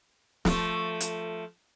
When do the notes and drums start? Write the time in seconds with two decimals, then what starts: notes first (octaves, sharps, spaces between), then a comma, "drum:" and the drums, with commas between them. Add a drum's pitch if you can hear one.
0.45 F3 A3, drum: snare
1.00 drum: hi-hat